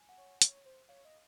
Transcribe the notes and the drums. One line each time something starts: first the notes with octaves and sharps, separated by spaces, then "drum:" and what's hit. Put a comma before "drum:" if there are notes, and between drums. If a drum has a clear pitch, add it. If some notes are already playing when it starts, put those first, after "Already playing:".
Already playing: G#5
F#5
C#5
C#5, drum: hi-hat
C5
C#5 F5
D#5